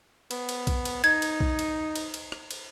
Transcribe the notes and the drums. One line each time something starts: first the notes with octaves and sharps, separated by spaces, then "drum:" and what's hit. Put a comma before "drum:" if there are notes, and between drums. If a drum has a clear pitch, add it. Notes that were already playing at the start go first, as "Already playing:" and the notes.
B3, drum: cymbal
drum: cymbal
drum: kick B1, cymbal
drum: cymbal
D#4 G#6, drum: cymbal
drum: cymbal
drum: kick B1
drum: cymbal
drum: cymbal
drum: cymbal
drum: rim click
drum: cymbal